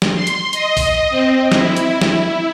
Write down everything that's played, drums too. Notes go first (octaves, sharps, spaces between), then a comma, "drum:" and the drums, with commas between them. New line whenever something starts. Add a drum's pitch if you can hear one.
drum: snare
C6
drum: hi-hat
D#5, drum: hi-hat
drum: kick, open hi-hat
C4
E4, drum: snare
drum: hi-hat
drum: snare